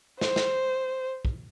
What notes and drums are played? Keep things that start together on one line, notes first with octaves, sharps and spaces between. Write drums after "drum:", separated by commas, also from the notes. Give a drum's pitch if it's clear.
C5, drum: snare
drum: snare
drum: kick